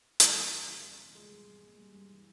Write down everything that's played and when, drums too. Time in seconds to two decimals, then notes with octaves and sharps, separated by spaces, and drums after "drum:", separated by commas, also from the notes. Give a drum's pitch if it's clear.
0.20 G3 A#3, drum: hi-hat
0.36 E3
0.52 G2
0.67 C#3
0.84 E2
0.99 E1
1.15 F3 G#3
1.31 G2
1.46 G#1
1.62 A#3
1.78 G3
1.94 G2
2.09 E3